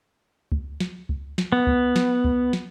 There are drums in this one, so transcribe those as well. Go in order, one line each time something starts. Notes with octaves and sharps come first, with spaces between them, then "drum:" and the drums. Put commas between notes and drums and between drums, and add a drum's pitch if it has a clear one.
drum: kick C#2
drum: snare
drum: kick C#2
drum: snare
B3
drum: kick C#2
drum: snare
drum: kick C#2
drum: snare